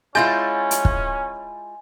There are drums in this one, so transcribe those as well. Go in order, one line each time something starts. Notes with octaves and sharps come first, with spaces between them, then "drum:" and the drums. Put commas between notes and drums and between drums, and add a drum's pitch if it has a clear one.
G#3 C#4 E4 F4 G#5 C6 G6 A6
drum: hi-hat
drum: kick